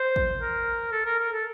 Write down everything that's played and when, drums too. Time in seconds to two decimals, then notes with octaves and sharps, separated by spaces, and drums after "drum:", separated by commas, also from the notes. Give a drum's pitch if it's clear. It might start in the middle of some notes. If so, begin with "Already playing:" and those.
Already playing: C5
0.16 drum: kick
0.39 A#4
0.92 A4
1.05 A#4
1.20 A#4
1.33 A4